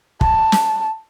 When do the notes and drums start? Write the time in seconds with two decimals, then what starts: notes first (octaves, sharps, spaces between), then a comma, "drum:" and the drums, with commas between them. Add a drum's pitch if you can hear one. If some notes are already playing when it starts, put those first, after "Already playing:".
0.21 A5, drum: kick
0.52 drum: snare